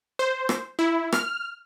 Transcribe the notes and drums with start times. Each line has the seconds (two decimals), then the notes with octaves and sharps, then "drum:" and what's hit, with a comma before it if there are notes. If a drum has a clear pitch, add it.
0.19 C5
0.49 drum: rim click
0.79 E4
1.12 F6, drum: rim click